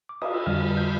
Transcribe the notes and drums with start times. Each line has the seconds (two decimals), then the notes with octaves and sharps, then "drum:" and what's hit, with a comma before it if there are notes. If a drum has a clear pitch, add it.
0.09 D6
0.22 D#6, drum: cymbal
0.34 E6
0.47 F2 D3 G3 F6
0.77 G6